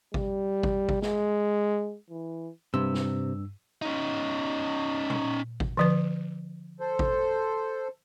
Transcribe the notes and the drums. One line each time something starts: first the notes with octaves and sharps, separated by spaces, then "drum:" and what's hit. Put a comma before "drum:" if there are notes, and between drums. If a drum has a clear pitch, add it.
G3, drum: kick G#1
drum: kick G#1
drum: kick G#1
G#3, drum: snare
E3
G2 C3 E6
drum: snare
C#4 D#4
drum: tom A#2
drum: kick G#1
D3 F3 B4
A4 C5
drum: kick G#1